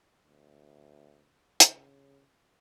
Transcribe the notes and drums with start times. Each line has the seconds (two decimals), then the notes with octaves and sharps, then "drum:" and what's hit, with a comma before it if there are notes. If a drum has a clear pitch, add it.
0.24 D2
1.60 C#3, drum: hi-hat